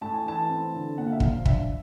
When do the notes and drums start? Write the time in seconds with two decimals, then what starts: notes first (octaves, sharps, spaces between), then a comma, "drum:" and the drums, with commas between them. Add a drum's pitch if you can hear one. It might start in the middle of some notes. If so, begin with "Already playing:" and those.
0.01 A2 A5
0.14 G#5
0.26 E3 A5
0.49 C4
0.74 D3
0.98 A#2 F#5
1.05 F5
1.12 E5
1.20 F3 F5, drum: kick
1.46 D4 E5, drum: kick